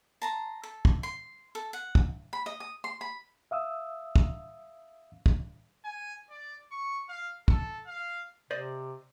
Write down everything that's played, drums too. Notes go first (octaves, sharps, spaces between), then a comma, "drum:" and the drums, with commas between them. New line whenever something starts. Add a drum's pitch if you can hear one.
A5 A#5 C6
A4
drum: kick
C6
A4
F#5
drum: kick
B5
D#5
D#6
C6
B5
E5 F5 D#6 E6
drum: kick
drum: kick
G#5
D5
C#6
F5
A4, drum: kick
F5
C3 C5 D5 D#5